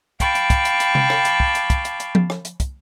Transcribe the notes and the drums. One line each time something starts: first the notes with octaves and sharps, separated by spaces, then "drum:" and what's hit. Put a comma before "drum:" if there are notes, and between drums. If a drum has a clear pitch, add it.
F5 G5 A5 B5 C#6 D6, drum: kick, hi-hat
drum: hi-hat
drum: kick, hi-hat
drum: hi-hat
drum: hi-hat
drum: tom C3
drum: rim click
drum: hi-hat
drum: kick
drum: hi-hat
drum: kick, hi-hat
drum: hi-hat
drum: hi-hat
drum: tom F3
drum: rim click
drum: hi-hat
drum: kick, hi-hat